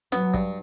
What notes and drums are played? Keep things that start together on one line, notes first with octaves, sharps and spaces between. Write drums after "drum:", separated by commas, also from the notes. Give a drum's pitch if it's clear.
F#3 B3, drum: snare
G2, drum: kick